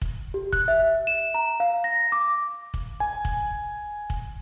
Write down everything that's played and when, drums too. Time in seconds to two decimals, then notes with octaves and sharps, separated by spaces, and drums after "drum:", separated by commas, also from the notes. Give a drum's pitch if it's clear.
0.02 drum: kick
0.34 G4
0.53 F#6, drum: kick
0.68 E5
1.07 E7
1.34 A#5
1.60 F5
1.84 A#6
2.12 D6
2.74 drum: kick
3.00 G#5
3.25 drum: kick
4.10 drum: kick